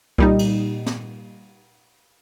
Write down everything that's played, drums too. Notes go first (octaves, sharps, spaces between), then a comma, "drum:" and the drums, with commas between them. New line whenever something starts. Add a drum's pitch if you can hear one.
A#2 G3 D#4, drum: kick C2
drum: cymbal
drum: snare